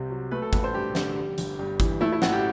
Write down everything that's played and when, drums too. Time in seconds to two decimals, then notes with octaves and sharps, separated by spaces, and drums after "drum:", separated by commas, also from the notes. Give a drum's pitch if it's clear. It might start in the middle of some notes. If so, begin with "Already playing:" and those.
Already playing: C2 C3 C4
0.10 F#3
0.31 A3 B4
0.42 A4
0.53 A1 B4, drum: kick, hi-hat
0.64 C5
0.73 G2 G4
0.95 D3, drum: snare
1.16 G3
1.38 G1, drum: hi-hat
1.59 G2
1.80 E3, drum: kick, hi-hat
2.01 A3 E4
2.12 E4
2.22 A1 F#4, drum: snare
2.32 G4